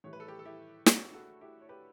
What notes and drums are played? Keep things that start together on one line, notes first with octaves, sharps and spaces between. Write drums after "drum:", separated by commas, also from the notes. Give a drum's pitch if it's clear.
A2 E3 G3 C#5
B4
A4
G4 B4
A4
E4 G4
D4 F#4, drum: snare
F#4 A4
E4 G4
C#5
G4 B4